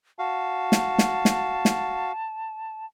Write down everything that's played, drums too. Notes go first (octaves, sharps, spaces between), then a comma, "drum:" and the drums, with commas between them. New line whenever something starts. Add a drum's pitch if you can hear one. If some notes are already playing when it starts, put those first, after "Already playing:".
F#4 F5 A5
drum: snare
drum: snare
drum: snare
drum: snare